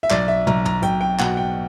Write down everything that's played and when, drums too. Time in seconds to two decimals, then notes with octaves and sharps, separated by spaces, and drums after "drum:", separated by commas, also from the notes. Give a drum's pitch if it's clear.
0.03 E5
0.10 B1 D5, drum: clap
0.28 E5
0.47 B1 A#5, drum: tom
0.65 A#5, drum: tom
0.82 B1 G5, drum: hi-hat
1.01 G5
1.19 B2 F#5, drum: clap
1.37 G5